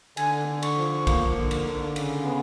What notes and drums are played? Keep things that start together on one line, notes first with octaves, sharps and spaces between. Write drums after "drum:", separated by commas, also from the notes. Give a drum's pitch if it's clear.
D3 G#5, drum: cymbal
D3
C#6, drum: cymbal
F3
A#3, drum: kick, cymbal
D3
drum: cymbal
D3
C#3, drum: cymbal
B3